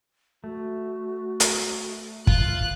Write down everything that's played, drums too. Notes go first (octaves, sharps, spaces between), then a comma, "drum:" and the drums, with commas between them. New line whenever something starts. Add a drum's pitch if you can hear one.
A3 F#4
drum: hi-hat
F4 F#6, drum: kick